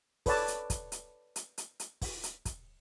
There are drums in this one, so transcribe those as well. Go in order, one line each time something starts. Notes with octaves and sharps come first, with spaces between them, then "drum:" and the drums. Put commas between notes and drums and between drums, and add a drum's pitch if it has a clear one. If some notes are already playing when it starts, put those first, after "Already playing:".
A4 B4 C#5 D5 A5, drum: kick, open hi-hat
drum: hi-hat
drum: kick, hi-hat
drum: hi-hat
drum: hi-hat
drum: hi-hat
drum: hi-hat
drum: kick, open hi-hat
drum: hi-hat
drum: kick, hi-hat